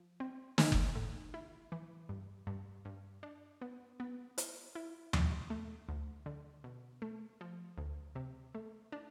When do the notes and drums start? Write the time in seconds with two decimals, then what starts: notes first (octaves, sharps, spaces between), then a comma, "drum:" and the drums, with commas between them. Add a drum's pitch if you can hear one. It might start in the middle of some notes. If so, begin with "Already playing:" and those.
Already playing: F3
0.20 C4
0.58 A3, drum: snare
0.72 drum: kick F#1
0.96 A2
1.34 E4
1.72 E3
2.09 G2
2.47 G2
2.85 G2
3.23 D4
3.62 B3
4.00 B3
4.38 E4, drum: hi-hat
4.75 E4
5.13 D4, drum: tom D#2
5.50 A3
5.89 D2
6.26 D3
6.64 B2
7.02 A3
7.41 F3
7.78 D2
8.15 C3
8.55 A3
8.92 D4